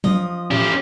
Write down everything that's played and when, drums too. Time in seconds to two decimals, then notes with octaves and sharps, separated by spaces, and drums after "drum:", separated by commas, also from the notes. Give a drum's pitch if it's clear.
0.04 F3 D#5, drum: tom F#3
0.51 C#4 G4